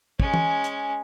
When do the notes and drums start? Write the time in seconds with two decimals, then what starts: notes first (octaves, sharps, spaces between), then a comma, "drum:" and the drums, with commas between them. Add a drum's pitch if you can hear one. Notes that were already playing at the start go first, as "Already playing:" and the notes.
0.20 G#3 C#4, drum: kick
0.34 drum: tom E3
0.64 drum: hi-hat